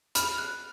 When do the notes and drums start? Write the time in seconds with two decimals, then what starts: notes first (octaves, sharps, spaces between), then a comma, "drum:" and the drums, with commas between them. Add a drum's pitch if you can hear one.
0.15 B5 F6, drum: hi-hat
0.38 F#6